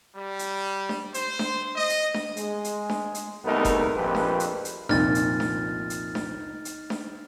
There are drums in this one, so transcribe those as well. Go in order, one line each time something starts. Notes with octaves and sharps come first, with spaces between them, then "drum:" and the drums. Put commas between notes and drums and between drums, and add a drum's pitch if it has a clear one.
G3
drum: hi-hat
drum: snare D4
C5, drum: hi-hat
drum: snare D4
D#5
drum: hi-hat
drum: snare D4
G#3, drum: hi-hat
drum: hi-hat
drum: snare D4
drum: hi-hat
C2 G#3 A3 B3 D#4 A#4
drum: kick F#1, hi-hat
A#1 F2 G4 B4
drum: snare D4
drum: hi-hat
drum: hi-hat
C2 F2 A#2 D#4 F6 A6, drum: snare D4
drum: hi-hat
drum: snare D4
drum: hi-hat
drum: snare D4
drum: hi-hat
drum: snare D4